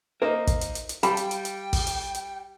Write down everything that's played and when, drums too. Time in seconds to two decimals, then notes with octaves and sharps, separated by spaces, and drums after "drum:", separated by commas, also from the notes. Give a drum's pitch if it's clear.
0.22 A#3 D#4 A#4 C5 E5
0.47 drum: kick, hi-hat
0.61 drum: hi-hat
0.75 drum: hi-hat
0.89 drum: hi-hat
1.03 G3 F5 G5 A5 B5, drum: hi-hat
1.17 drum: hi-hat
1.31 drum: hi-hat
1.45 drum: hi-hat
1.73 drum: kick, open hi-hat
1.87 drum: hi-hat
2.14 drum: hi-hat